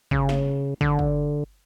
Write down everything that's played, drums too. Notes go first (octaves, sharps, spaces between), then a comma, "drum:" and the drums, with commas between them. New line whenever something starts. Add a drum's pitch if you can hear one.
C#3, drum: kick
drum: snare
D3, drum: kick
drum: kick